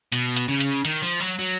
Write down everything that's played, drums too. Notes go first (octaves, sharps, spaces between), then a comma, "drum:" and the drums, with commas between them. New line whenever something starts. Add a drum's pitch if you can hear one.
B2, drum: hi-hat
drum: hi-hat
C#3
drum: hi-hat
D#3, drum: hi-hat
F3
F#3
F#3